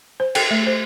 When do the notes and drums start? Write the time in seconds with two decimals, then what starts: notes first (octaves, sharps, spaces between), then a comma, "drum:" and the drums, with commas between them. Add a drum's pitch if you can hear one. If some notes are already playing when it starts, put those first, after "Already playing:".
0.20 C5
0.35 G5, drum: cymbal
0.51 A3
0.66 C5